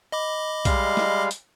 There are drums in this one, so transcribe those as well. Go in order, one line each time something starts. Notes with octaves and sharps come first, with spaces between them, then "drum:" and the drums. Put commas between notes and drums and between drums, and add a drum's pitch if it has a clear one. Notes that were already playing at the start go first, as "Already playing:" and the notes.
D#5 B5 D6
G3 G#3 F5, drum: kick, hi-hat
drum: snare
drum: hi-hat